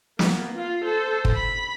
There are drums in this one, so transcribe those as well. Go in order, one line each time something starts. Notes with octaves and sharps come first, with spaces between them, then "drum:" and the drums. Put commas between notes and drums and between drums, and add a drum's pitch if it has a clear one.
A#3 B3, drum: snare
F4 F5
A4 C5
drum: kick
B5